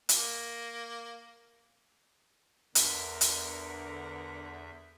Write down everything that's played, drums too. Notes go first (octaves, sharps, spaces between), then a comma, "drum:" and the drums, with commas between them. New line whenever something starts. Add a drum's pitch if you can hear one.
A#3, drum: hi-hat
E2 D3 B3 A#4 E5, drum: hi-hat
drum: hi-hat